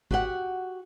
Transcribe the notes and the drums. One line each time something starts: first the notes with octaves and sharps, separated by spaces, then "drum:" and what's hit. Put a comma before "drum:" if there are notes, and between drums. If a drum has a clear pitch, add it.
F#4 G4 F#5, drum: kick